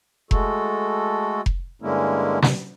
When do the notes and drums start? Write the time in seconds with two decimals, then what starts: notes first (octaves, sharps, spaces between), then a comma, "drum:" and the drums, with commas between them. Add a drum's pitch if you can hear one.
0.31 G#3 A3 F#4 A4, drum: kick F1
1.46 drum: kick F1
1.82 G2 D3 G#3 A#3 C#4 E4
2.42 drum: snare